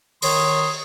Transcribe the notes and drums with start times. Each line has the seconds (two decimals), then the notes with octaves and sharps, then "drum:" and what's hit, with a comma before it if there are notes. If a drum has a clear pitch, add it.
0.22 D#3 C#5 C6 D#6, drum: open hi-hat